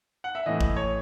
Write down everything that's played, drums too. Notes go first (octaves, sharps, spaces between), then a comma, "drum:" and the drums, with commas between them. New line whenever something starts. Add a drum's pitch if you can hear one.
F#5
E5
A2 E3 D#5
drum: kick A1
C#5